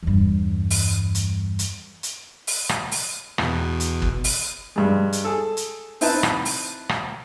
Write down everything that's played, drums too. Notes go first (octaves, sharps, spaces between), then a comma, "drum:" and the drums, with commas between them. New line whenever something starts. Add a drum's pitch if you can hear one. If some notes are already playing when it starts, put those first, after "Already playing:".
E2 G2
drum: open hi-hat
drum: hi-hat
drum: hi-hat
drum: hi-hat
drum: open hi-hat
drum: rim click
drum: open hi-hat
E2 B2, drum: rim click
drum: hi-hat
drum: kick
drum: open hi-hat
G2 G#3
drum: hi-hat
G#4 A4
drum: hi-hat
C4 D#4 E4 B4 C5 A5, drum: open hi-hat
drum: rim click
drum: open hi-hat
drum: rim click